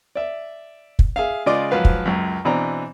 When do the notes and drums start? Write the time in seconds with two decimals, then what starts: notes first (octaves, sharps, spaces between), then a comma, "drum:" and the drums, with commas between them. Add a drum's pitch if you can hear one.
0.15 D5 E5
0.99 drum: kick
1.16 G#4 E5 F5
1.46 C#3 G#3 F4 D5 D#5 D6
1.71 G#2 F3 F#3 B4 F5
1.85 drum: kick
2.05 C#2 F#2
2.45 B2 E3 C4 D4 A#5